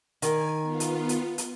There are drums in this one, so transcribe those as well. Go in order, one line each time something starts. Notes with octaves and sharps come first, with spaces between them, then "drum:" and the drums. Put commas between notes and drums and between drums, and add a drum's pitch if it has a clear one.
D#3 G#5 G#6, drum: hi-hat
B3 F4
drum: hi-hat
drum: hi-hat
drum: hi-hat